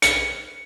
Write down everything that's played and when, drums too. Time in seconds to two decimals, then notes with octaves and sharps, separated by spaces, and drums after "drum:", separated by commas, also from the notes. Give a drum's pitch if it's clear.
0.02 C#7, drum: hi-hat